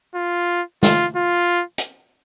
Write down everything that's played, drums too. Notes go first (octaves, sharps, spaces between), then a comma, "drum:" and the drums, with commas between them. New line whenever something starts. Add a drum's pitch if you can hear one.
F4
F4, drum: snare G#3
F4
drum: hi-hat